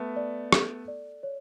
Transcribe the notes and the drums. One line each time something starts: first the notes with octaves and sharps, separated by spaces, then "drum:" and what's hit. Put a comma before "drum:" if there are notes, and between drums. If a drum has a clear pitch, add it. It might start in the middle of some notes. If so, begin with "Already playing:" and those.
Already playing: A3 B3
D5
A4, drum: rim click
D5
C#5